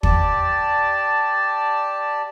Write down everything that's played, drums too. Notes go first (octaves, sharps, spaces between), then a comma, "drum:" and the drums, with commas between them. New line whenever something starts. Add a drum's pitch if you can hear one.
G4 D5 A5, drum: kick